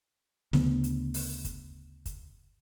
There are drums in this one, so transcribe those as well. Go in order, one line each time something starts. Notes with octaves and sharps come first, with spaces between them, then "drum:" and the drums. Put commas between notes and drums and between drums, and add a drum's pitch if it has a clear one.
D2 C#3 B3, drum: snare
drum: hi-hat
drum: open hi-hat
drum: kick, hi-hat
drum: kick, hi-hat